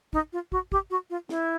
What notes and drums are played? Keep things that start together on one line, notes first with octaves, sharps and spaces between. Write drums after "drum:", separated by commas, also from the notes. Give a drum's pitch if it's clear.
D#4, drum: kick
F4
F#4, drum: kick
G4, drum: kick
F#4
F4
E4, drum: snare